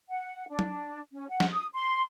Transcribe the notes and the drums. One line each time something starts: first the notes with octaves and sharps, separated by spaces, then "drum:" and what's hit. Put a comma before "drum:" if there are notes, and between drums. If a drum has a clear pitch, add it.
F#5
D4
drum: tom F#3
C#4
F#5
drum: snare
D#6
C6